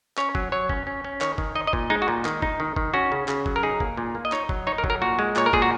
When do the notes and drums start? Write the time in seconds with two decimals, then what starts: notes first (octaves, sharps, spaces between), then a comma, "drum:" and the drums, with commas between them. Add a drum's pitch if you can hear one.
0.17 C#4 C#5, drum: clap
0.35 F#3, drum: kick F#1
0.52 F#3 C#5
0.69 C#4, drum: kick F#1
0.87 C#4
1.05 C#4
1.21 D#3 C#5, drum: clap
1.38 D#3, drum: kick F#1
1.55 D#4 D#5
1.67 D#5
1.73 A#2, drum: kick F#1
1.90 G#3 D#4
2.02 F#4
2.08 A#2
2.25 D#3, drum: clap
2.42 D#4, drum: kick F#1
2.60 D#3
2.76 D#3, drum: kick F#1
2.94 C#4 F#4
3.12 C#3
3.28 C#3, drum: clap
3.46 F#3, drum: kick F#1
3.56 A#4
3.63 D#4 G#4
3.80 A#3, drum: kick F#1
3.97 A#2
4.15 A#3
4.25 D#5
4.32 D#4 C#5, drum: clap
4.49 F#3, drum: kick F#1
4.67 D#4 C#5
4.78 A#4
4.84 F#3, drum: kick F#1
4.90 A#4
5.02 A#2 F#4
5.19 G#3
5.36 A#2 C#5, drum: clap
5.46 A#4
5.53 A#2 G#4, drum: kick F#1
5.62 F#4